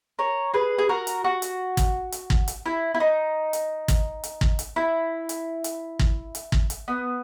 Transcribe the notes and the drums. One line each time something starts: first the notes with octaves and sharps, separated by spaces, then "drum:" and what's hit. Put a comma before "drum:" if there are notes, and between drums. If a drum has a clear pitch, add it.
A#4 C#5
G#4 B4
G#4
F#4 A#4
drum: hi-hat
F#4
drum: hi-hat
drum: kick, hi-hat
drum: hi-hat
drum: kick
drum: hi-hat
E4
E4
D#4
drum: hi-hat
drum: kick, hi-hat
drum: hi-hat
drum: kick
drum: hi-hat
E4
drum: hi-hat
drum: hi-hat
drum: kick
drum: hi-hat
drum: kick
drum: hi-hat
B3